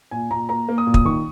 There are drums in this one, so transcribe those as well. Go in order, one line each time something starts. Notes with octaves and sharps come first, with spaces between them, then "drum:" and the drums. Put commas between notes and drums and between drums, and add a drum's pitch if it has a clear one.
A#2 G#5
A#2 A#5
A#3 A#5
A#3
D#6
A#2
D#6, drum: kick
D#3 C#6